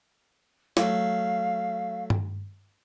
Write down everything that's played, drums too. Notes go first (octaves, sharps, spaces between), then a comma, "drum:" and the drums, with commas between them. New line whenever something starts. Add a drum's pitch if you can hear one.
F#3 A3 F5, drum: snare
drum: tom G2